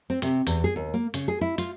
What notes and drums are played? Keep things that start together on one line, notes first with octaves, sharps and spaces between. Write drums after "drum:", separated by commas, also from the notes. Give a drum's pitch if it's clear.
C4
C3, drum: hi-hat
E2, drum: hi-hat
G#4
D#2
A#3
C#3, drum: hi-hat
G#4
E4
F4, drum: hi-hat